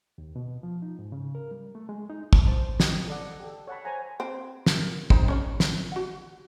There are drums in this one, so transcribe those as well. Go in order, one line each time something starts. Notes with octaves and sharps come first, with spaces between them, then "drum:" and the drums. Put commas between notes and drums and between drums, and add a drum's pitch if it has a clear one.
D#2
B2
F3
D#4
G#2
C#3
A#4
G3
A3
G#3
D#4
drum: kick
C5 A5
D#5 G5, drum: snare
A4 D5 F#5
G4 A4
C#5 F#5 A5 B5
C5 C#5 G#5 A#5
C4
drum: snare
A#4
C4 D#4, drum: kick
C#4 C#5 D5
drum: snare
F#4 F#5